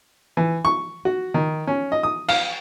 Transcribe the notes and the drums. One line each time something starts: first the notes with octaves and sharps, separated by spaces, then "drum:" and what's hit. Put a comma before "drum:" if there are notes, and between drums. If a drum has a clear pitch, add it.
E3
C#6
F#4
D#3
C#4
D#5
D#6
F5, drum: cymbal